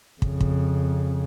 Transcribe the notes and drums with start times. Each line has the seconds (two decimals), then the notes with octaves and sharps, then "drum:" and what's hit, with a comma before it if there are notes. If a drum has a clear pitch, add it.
0.22 F2 C#3, drum: kick
0.40 drum: kick